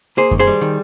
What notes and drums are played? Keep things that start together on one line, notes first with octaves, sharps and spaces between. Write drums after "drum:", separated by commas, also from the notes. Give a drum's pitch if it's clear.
A#3 G#4 C5
D#3, drum: kick F#2
G#4 C5
G3
D#3